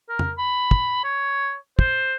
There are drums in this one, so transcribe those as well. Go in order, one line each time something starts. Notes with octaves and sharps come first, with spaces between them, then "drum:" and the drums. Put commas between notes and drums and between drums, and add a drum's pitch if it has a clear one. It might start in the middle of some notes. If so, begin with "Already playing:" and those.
A#4
drum: tom F2
B5
drum: kick
C#5
C5, drum: kick